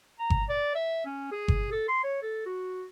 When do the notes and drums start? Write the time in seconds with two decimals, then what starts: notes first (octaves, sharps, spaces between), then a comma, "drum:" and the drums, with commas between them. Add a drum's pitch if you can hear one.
0.19 A#5
0.30 drum: kick G1
0.49 D5
0.75 E5
1.06 C#4
1.32 G#4
1.48 drum: kick G1
1.72 A4
1.88 C6
2.04 C#5
2.23 A4
2.46 F#4